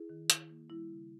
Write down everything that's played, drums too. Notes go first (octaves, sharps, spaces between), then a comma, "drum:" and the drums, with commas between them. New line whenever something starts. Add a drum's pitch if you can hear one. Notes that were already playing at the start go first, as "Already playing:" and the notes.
Already playing: E4 G#4
D#3
E4, drum: hi-hat
A#3
G3 E4
C#3